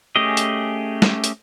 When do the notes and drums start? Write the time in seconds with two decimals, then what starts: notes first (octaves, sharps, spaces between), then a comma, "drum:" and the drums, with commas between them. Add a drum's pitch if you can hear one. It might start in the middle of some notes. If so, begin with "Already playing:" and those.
0.16 A3 C#4 G4 G#4 D#5
0.37 drum: hi-hat
1.02 drum: snare
1.24 drum: hi-hat